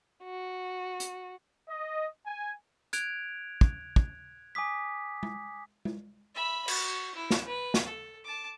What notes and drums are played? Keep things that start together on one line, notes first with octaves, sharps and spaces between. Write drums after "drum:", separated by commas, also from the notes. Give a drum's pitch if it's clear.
F#4
drum: hi-hat
D#5
G#5
F#6 G#6 D7 F7, drum: hi-hat
drum: kick
drum: kick
G#5 D6 D#6 B6
drum: tom G#3
drum: tom G#3
E5 B5
F#4, drum: cymbal
E4
drum: snare
B4
drum: snare
A4
A5 D6